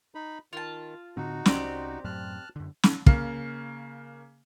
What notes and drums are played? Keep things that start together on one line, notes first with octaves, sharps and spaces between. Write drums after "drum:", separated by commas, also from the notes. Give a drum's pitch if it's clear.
D#4 B5
D#3 F4 A5
A2 D3 C4 D#4 F#4
C2 C4 C#4 G4 D5, drum: snare
F#2 A2 F#3 A5 F6 F#6
F#2 D3
drum: snare
C#3 A#3, drum: kick